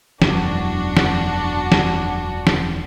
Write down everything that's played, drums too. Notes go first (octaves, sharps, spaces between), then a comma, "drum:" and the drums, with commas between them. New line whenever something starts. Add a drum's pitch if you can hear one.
E1 F#2 E3 D4 F#4, drum: snare
drum: snare
drum: snare
drum: snare